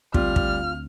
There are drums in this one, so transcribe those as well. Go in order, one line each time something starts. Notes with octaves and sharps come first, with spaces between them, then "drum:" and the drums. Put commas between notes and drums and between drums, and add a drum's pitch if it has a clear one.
D2 G3 B3 C4 F4 F6, drum: kick
drum: kick